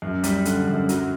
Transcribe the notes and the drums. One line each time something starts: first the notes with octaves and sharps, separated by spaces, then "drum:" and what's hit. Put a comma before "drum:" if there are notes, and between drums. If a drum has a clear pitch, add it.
F#2
G3, drum: hi-hat
D3, drum: hi-hat
F#2
F#3, drum: hi-hat